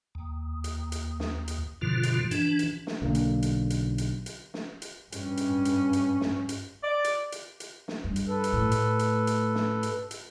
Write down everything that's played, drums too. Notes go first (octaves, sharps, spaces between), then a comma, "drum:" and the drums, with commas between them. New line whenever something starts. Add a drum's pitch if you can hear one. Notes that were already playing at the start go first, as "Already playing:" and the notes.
D#2
drum: hi-hat
drum: hi-hat
drum: snare
drum: hi-hat
G2 B2 D3 F3 F4
drum: hi-hat
E3 D4, drum: hi-hat
drum: hi-hat
drum: snare
B1 D3 E3 A#3
drum: hi-hat
drum: hi-hat
drum: hi-hat
drum: hi-hat
drum: hi-hat
drum: snare
drum: hi-hat
G2 C#4, drum: hi-hat
drum: hi-hat
drum: hi-hat
drum: hi-hat
drum: snare
drum: hi-hat
D5
drum: hi-hat
drum: hi-hat
drum: hi-hat
drum: snare
G2
drum: hi-hat
A4 B4
drum: hi-hat
A2
drum: hi-hat
drum: hi-hat
drum: hi-hat
drum: snare
drum: hi-hat
drum: hi-hat